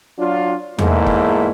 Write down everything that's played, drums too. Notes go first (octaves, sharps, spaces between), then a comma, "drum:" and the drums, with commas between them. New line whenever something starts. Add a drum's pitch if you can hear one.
F#3 D4 F4
E2 G#2 A3 A#3 E4, drum: tom E2
drum: kick F#1